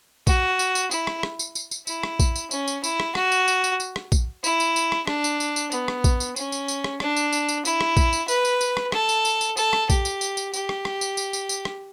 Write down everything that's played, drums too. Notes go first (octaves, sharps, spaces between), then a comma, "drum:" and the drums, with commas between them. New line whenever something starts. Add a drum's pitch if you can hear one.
F#4, drum: kick, tambourine
drum: tambourine
drum: tambourine
E4, drum: tambourine
drum: rim click
drum: rim click
drum: tambourine
drum: tambourine
drum: tambourine
E4, drum: tambourine
drum: rim click
drum: kick, tambourine
drum: tambourine
C#4, drum: tambourine
drum: tambourine
E4, drum: tambourine
drum: rim click
F#4, drum: rim click
drum: tambourine
drum: tambourine
drum: tambourine
drum: tambourine
drum: rim click
drum: kick, tambourine
E4, drum: tambourine
drum: tambourine
drum: tambourine
drum: rim click
D4, drum: rim click
drum: tambourine
drum: tambourine
drum: tambourine
B3, drum: tambourine
drum: rim click
drum: kick, tambourine
drum: tambourine
C#4, drum: tambourine
drum: tambourine
drum: tambourine
drum: rim click
D4, drum: rim click
drum: tambourine
drum: tambourine
drum: tambourine
E4, drum: tambourine
drum: rim click
drum: kick, tambourine
drum: tambourine
B4, drum: tambourine
drum: tambourine
drum: tambourine
drum: rim click
A4, drum: rim click
drum: tambourine
drum: tambourine
drum: tambourine
A4, drum: tambourine
drum: rim click
G4, drum: kick, tambourine
drum: tambourine
drum: tambourine
drum: tambourine
G4, drum: tambourine
drum: rim click
drum: rim click
drum: tambourine
drum: tambourine
drum: tambourine
drum: tambourine
drum: rim click